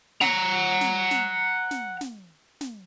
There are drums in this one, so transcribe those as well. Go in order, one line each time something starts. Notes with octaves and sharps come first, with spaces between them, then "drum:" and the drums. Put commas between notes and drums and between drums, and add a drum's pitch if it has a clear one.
F#5 A#5, drum: snare
drum: snare
drum: snare
drum: snare
drum: snare
drum: snare